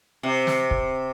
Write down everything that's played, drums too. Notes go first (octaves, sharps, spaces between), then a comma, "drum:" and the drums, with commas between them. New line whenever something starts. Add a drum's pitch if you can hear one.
C3
drum: snare
drum: kick